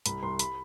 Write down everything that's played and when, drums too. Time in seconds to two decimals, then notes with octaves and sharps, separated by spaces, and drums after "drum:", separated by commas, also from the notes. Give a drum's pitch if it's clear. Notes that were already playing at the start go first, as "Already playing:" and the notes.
0.06 C2 B5, drum: hi-hat
0.22 C2 C6
0.39 B5, drum: hi-hat